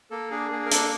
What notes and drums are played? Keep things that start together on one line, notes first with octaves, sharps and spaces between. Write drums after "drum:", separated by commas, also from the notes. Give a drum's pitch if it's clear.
A#3 A4
D4 G#4
A#3 G#4
A#4
D4 A4, drum: hi-hat